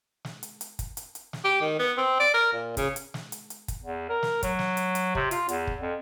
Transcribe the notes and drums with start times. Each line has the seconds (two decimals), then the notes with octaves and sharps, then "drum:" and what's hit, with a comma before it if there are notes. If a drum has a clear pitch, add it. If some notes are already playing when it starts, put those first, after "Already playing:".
0.25 drum: snare
0.43 drum: hi-hat
0.61 drum: hi-hat
0.79 drum: kick, hi-hat
0.97 drum: hi-hat
1.15 drum: hi-hat
1.33 drum: snare
1.45 G4
1.61 D#3
1.79 B3
1.98 C4
2.20 D5
2.34 A#4
2.53 A#2
2.77 C#3, drum: kick, hi-hat
2.96 drum: hi-hat
3.14 drum: snare
3.32 drum: hi-hat
3.50 drum: hi-hat
3.68 drum: kick, hi-hat
3.83 E2
4.09 A#4
4.23 drum: snare
4.43 F#3, drum: kick, hi-hat
4.59 drum: snare
4.77 drum: hi-hat
4.95 drum: hi-hat
5.15 C3, drum: kick
5.31 F4, drum: hi-hat
5.49 E2, drum: hi-hat
5.67 drum: kick
5.80 F2